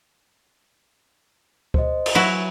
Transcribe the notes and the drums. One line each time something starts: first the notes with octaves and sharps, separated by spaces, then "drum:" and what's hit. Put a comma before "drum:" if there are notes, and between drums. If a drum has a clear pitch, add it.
C5 D#5, drum: kick C#2
drum: cymbal
F#3 E4 B4 G#5 C#6